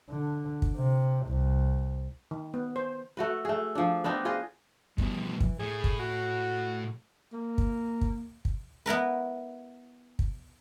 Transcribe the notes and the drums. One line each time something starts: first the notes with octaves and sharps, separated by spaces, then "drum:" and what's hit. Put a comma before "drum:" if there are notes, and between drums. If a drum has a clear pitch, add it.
D3
drum: kick
C3
C2
D#3
B3
C5
A3 F#4 B4
A3 G#4
F3 D4
B3 C4 D4 D#4
F4 G#4 B4 D#5
G2 B2 E3, drum: kick
drum: kick
A2 G#4
drum: kick
F#4
A#3
drum: kick
drum: kick
drum: kick
B3 E4 A#4 B4
drum: kick